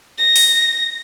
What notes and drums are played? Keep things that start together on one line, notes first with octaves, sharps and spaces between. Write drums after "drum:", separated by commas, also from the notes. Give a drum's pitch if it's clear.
A#6
drum: open hi-hat